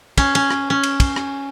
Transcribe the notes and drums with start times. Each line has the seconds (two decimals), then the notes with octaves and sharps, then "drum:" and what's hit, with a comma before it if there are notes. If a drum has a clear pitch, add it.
0.18 C#4, drum: kick, cymbal
0.35 C#4, drum: cymbal
0.50 drum: rim click
0.70 C#4
0.83 drum: cymbal
1.00 drum: kick, cymbal
1.16 drum: rim click